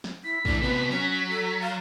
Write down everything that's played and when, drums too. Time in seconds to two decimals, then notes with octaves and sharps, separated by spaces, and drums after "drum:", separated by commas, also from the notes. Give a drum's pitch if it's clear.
0.04 drum: snare
0.24 E4 B6
0.45 A2 E3 D4, drum: kick
0.62 C3 B3 B4, drum: tom
0.90 F#3 C#4
1.29 A4
1.61 F5 A6